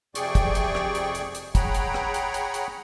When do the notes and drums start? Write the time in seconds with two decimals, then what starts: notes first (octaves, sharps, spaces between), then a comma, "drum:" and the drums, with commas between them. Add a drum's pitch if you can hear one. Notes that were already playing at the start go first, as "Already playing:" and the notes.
0.15 F2 C3 G#4 D5 G5 C#6, drum: hi-hat
0.35 drum: kick, hi-hat
0.55 drum: hi-hat
0.75 drum: rim click
0.95 drum: hi-hat
1.15 drum: hi-hat
1.35 drum: hi-hat
1.55 G#4 C#5 F#5 G5 A#5 B5, drum: kick, hi-hat
1.74 drum: hi-hat
1.94 drum: rim click
2.14 drum: hi-hat
2.34 drum: hi-hat
2.54 drum: hi-hat